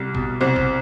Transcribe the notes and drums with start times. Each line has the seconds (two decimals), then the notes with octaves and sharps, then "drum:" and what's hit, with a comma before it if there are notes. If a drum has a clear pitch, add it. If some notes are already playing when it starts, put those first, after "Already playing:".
Already playing: C2 G3
0.15 B2, drum: kick
0.41 C2 C4
0.56 drum: kick